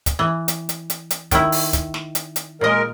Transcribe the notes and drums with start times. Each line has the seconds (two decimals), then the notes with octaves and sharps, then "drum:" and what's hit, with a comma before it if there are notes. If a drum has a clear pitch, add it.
0.06 drum: kick, hi-hat
0.19 E3
0.48 drum: hi-hat
0.69 drum: hi-hat
0.90 drum: hi-hat
1.10 drum: hi-hat
1.31 D#3 E4, drum: kick, hi-hat
1.52 drum: open hi-hat
1.73 drum: kick, hi-hat
1.94 drum: snare
2.15 drum: hi-hat
2.36 drum: hi-hat
2.61 A#2 G#3 A#4 D#5